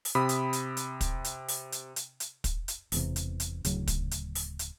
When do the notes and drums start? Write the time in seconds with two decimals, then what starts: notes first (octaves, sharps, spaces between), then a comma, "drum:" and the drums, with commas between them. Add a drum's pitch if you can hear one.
0.05 drum: open hi-hat
0.15 C3 B5 D#6
0.29 drum: hi-hat
0.53 drum: hi-hat
0.77 drum: hi-hat
1.01 drum: kick, hi-hat
1.24 drum: hi-hat
1.48 drum: open hi-hat
1.72 drum: hi-hat
1.96 drum: hi-hat
2.20 drum: hi-hat
2.44 drum: kick, hi-hat
2.68 drum: hi-hat
2.92 E1 E2 C3, drum: open hi-hat
3.16 drum: hi-hat
3.40 drum: hi-hat
3.65 D1 C#3 F#3, drum: hi-hat
3.87 drum: kick, hi-hat
4.11 drum: hi-hat
4.35 drum: open hi-hat
4.59 drum: hi-hat